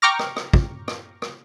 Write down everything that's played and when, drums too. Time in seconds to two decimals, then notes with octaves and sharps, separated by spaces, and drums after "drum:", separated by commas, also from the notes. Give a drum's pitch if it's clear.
0.02 G5 A#5 C#6 D6 F6 A#6
0.19 drum: rim click
0.36 drum: rim click
0.53 drum: kick
0.88 drum: rim click
1.22 drum: rim click